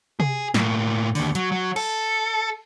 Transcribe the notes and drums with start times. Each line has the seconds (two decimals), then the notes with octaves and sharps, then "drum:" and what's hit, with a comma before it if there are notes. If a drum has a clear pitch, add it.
0.20 G#4, drum: tom C3
0.54 A2 A#3, drum: snare
1.15 D#2 D3, drum: open hi-hat
1.35 F#3, drum: hi-hat
1.52 F#3
1.76 A4, drum: cymbal